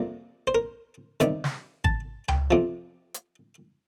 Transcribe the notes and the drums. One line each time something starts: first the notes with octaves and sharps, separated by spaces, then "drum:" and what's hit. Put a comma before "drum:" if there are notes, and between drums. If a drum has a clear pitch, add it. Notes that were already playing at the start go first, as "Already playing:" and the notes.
Already playing: F2 C3 G3 A#3
C5
A#4
C3 D#3 G3, drum: hi-hat
drum: snare
A5, drum: kick G#1
G5, drum: tom C#2
F2 C3 F3
drum: hi-hat